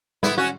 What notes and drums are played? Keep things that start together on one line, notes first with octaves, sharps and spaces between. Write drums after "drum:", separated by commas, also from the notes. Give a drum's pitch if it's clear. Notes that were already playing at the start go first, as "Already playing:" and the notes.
B3 E4, drum: snare
C#4 F#4